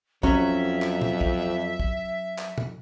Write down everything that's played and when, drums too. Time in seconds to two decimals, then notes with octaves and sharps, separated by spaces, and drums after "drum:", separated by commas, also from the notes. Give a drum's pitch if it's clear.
0.23 F2 F#3 C#4 E5, drum: kick
0.82 drum: clap
1.01 drum: tom A#2
1.21 drum: kick
1.80 drum: kick
2.38 drum: clap
2.58 drum: tom A#2